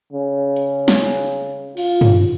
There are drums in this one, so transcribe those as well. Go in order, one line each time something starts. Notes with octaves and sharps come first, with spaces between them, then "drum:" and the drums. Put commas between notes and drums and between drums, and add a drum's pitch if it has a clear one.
C#3
drum: hi-hat
drum: snare
F4, drum: cymbal
drum: tom